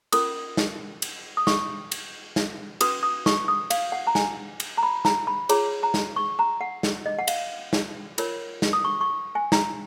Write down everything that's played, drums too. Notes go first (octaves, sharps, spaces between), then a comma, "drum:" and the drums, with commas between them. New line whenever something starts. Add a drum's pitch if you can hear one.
C#4 F4 A#4 D#6, drum: cymbal
drum: snare
drum: cymbal
D#6
C#6, drum: snare
drum: cymbal
drum: snare
C#4 F#4 B4 D#6, drum: cymbal
D#6
C#6, drum: snare
D#6
F5, drum: cymbal
F#5
A#5
G#5, drum: snare
drum: cymbal
A#5
B5
A#5, drum: snare
B5
F4 G#4 C#5 A#5, drum: cymbal
A#5
drum: snare
C#6
A#5
F#5
drum: snare
D#5
F#5
F5, drum: cymbal
drum: snare
F4 A#4 C#5, drum: cymbal
drum: snare
D#6
C#6
C#6
G#5
A#5, drum: snare